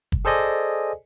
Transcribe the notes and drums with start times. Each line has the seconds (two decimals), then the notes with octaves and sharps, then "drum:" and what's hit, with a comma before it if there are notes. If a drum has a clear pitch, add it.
0.12 drum: kick
0.25 G#4 A4 C5 D5 D#5 G#5